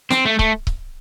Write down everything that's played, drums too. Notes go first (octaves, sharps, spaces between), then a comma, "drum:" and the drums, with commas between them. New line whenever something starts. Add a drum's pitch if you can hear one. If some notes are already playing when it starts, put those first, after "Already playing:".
C4, drum: snare
A3
A3, drum: kick C#1
drum: kick C#1